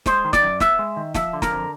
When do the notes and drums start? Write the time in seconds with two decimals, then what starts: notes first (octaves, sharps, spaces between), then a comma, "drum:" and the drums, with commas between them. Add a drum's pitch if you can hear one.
0.06 G#3 C5, drum: snare
0.25 D#3
0.33 D5, drum: snare
0.42 F#2
0.60 B3 E5, drum: snare
0.79 G#3
0.97 D#3
1.14 F3 E5, drum: snare
1.33 D3
1.42 A#4, drum: snare
1.51 F2